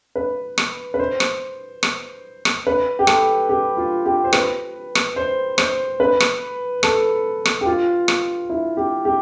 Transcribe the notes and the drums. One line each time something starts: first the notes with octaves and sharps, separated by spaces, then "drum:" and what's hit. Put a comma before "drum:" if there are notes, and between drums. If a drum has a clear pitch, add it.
B4
drum: rim click
B4
C5
drum: rim click
drum: rim click
drum: rim click
B4
G4
A4, drum: rim click
G4
F4
G4
C5
B4, drum: rim click
drum: rim click
C5
C5, drum: rim click
B4
drum: rim click
A4, drum: rim click
drum: rim click
G4
F4
drum: rim click
E4
G4
G4